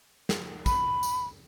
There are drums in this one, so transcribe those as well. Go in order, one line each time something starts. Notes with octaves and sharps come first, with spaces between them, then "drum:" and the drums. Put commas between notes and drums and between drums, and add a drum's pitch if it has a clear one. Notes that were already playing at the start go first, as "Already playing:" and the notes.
drum: snare
B5, drum: kick, tambourine
drum: tambourine